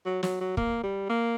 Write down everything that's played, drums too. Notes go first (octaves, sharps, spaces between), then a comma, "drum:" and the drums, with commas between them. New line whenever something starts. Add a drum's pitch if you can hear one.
F#3
F#3, drum: snare
F#3
A#3, drum: kick
G3
A#3